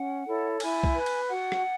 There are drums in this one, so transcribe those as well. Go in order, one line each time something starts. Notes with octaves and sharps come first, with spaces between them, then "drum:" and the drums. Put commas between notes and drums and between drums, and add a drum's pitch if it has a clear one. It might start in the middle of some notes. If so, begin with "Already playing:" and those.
Already playing: C#4 F#5
E4 A4 C#5
E4 G#5, drum: cymbal
drum: kick B1
B4
drum: cymbal
F#4 F#5
drum: rim click